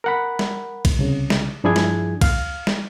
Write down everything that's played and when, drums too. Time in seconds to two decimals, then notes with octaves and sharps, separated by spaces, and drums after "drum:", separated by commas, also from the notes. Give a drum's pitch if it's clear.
0.04 A#4 F#5 B5
0.39 drum: snare
0.85 drum: kick B1, cymbal
0.99 C2 C#3
1.30 drum: snare
1.64 G2 F3 D4 E4 G#4 G#6
1.76 drum: snare
2.21 F5 F6, drum: kick B1, cymbal
2.67 drum: snare